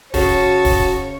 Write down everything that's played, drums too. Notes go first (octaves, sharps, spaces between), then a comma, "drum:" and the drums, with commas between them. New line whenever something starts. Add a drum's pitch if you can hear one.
C#3 F#4 C#5 A5, drum: kick D1, open hi-hat
drum: kick D1, open hi-hat